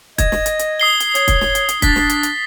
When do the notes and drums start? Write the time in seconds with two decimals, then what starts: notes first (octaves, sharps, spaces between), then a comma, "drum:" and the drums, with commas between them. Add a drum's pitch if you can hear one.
0.18 D#5 G#6, drum: kick, hi-hat
0.32 drum: snare
0.46 drum: hi-hat
0.59 drum: hi-hat
0.80 D#6 C7 G7
1.00 drum: hi-hat
1.15 C#5, drum: hi-hat
1.28 drum: kick, hi-hat
1.41 drum: snare
1.55 drum: hi-hat
1.69 drum: hi-hat
1.82 D4 A6 B6, drum: kick, hi-hat
1.96 drum: snare
2.10 drum: hi-hat
2.23 drum: hi-hat